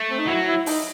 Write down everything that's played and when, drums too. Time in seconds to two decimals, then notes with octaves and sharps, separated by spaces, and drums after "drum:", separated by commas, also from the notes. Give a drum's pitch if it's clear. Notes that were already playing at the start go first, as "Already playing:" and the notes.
Already playing: A3
0.11 C4
0.19 D#4
0.27 F#3 E4
0.47 E4
0.66 D#4, drum: open hi-hat